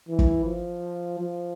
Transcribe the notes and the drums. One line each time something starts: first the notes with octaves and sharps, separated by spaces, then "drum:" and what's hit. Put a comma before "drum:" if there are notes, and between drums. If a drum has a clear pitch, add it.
E3
drum: kick
F3
F3